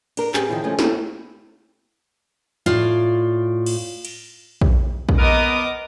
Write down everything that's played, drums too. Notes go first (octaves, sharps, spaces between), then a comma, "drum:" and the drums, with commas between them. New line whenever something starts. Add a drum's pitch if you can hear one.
D4 A#4, drum: cymbal
C4 C#4 G4 G#4, drum: clap
D#3 F3 E4
C#3 F3 G#3 A3 C#4
A3 C4 E4, drum: snare
A2 F4 D5
drum: cymbal
drum: cymbal
drum: kick A#1
drum: kick A#1
B3 A#4 D#5 D6 D#6